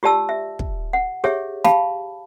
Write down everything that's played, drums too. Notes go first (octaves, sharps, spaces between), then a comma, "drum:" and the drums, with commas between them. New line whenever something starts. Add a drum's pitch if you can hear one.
F4 G4 D5 A5 E6
E5
drum: kick
F#5
G4 G#4 C#5 E5, drum: rim click
G4 F5 A5 B5, drum: snare